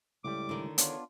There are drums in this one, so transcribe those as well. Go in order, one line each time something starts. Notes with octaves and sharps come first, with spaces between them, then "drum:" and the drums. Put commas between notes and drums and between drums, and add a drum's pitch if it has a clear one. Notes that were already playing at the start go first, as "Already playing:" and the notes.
C#2 A2 G3 D6
D3 D#3
B3 D4 F4 C#5, drum: hi-hat